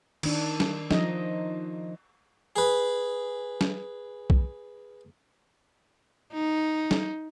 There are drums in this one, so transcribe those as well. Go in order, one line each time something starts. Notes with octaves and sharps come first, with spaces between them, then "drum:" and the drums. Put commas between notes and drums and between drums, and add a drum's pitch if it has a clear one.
D#3 D4, drum: cymbal
drum: snare
F3 D#4 D#5, drum: snare
G#4 B4
drum: snare
drum: kick B1
D#4
drum: snare